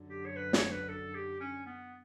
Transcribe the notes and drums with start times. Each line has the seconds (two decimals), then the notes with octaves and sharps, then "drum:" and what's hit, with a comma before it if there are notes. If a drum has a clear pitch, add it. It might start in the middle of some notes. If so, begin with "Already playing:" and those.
Already playing: F#2 D3 F#3
0.10 G4
0.26 C#5
0.36 B4
0.53 C#5, drum: snare
0.71 B4
0.88 A4
1.15 G4
1.40 C#4
1.66 B3